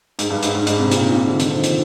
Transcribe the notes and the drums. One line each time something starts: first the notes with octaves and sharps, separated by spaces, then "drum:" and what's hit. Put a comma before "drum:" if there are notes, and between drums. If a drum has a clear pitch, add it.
G#2, drum: hi-hat
G2
G#2, drum: hi-hat
G#2
G#2, drum: hi-hat
C3
A#2, drum: hi-hat
A#2
C3
D3
D#3, drum: hi-hat
F3
F3, drum: hi-hat